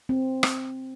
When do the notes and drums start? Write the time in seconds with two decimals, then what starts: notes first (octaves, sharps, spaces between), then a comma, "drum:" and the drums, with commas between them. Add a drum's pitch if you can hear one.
0.09 C4
0.43 drum: rim click